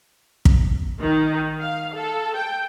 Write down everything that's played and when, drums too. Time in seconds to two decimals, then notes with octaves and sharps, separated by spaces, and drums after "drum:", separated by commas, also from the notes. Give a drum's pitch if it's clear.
0.45 drum: kick
1.00 D#3
1.59 F5
1.93 A4
2.36 G5